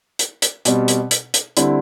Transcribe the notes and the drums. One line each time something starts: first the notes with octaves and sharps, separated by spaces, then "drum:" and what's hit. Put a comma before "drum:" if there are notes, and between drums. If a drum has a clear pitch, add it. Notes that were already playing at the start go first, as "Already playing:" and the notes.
drum: hi-hat
drum: hi-hat
B2 G3 C4, drum: hi-hat
drum: hi-hat
drum: hi-hat
drum: hi-hat
D3 G3 C4 E4, drum: hi-hat